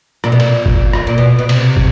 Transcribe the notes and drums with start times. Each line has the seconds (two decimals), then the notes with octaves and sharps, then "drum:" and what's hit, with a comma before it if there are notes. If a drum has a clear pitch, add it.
0.24 A#2, drum: rim click
0.32 B2
0.40 A#2, drum: cymbal
0.66 drum: kick
0.93 drum: rim click
1.07 A#2
1.18 B2
1.39 B2
1.49 C3, drum: cymbal
1.77 drum: kick